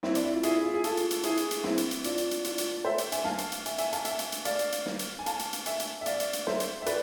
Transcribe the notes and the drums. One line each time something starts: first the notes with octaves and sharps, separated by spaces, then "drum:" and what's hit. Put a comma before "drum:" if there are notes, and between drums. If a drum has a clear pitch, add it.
C4 E4, drum: snare
D4, drum: hi-hat
E4
F4
E4 G#4, drum: hi-hat
F4
G#4
F4 A4, drum: hi-hat
drum: hi-hat
drum: hi-hat
E4 G#4, drum: hi-hat
drum: hi-hat
drum: hi-hat
C4 E4, drum: snare
drum: hi-hat
drum: hi-hat
D4 F4, drum: hi-hat
drum: hi-hat
drum: hi-hat
D4 F4, drum: hi-hat
drum: hi-hat
D5
C5 E5
drum: hi-hat
E5 G#5, drum: hi-hat
F5 A5, drum: snare
drum: hi-hat
drum: hi-hat
E5 G#5, drum: hi-hat
E5 G#5, drum: hi-hat
F5 A5, drum: hi-hat
E5 G#5, drum: hi-hat
drum: hi-hat
drum: hi-hat
D5 F5, drum: hi-hat
drum: hi-hat
drum: hi-hat
drum: snare
drum: hi-hat
G#5
F5 A5, drum: hi-hat
drum: hi-hat
drum: hi-hat
E5 G#5, drum: hi-hat
drum: hi-hat
E5
D5 F5, drum: hi-hat
drum: hi-hat
drum: hi-hat
C5 E5, drum: snare
drum: hi-hat
E5
B4 D5, drum: hi-hat